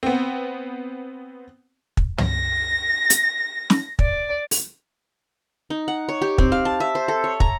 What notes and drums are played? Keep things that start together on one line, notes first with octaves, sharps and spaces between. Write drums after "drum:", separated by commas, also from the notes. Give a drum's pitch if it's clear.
B3 C4
drum: kick
A#6, drum: tom
drum: hi-hat
drum: snare
D5, drum: kick
drum: open hi-hat
D#4
F#5
C#5
G4
C4, drum: kick
F5
A5
E5
C5
A4
C#5
A#5, drum: kick